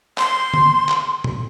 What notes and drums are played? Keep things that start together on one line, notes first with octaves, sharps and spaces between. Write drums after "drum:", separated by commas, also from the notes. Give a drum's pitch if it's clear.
C6, drum: clap
drum: tom D3
drum: clap
drum: tom A#2